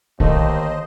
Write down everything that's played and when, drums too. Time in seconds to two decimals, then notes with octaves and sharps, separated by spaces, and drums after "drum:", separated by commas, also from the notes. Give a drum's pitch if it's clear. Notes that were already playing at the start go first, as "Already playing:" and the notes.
0.20 D#2 D3 D#3 A3 C5 D#5, drum: kick A#1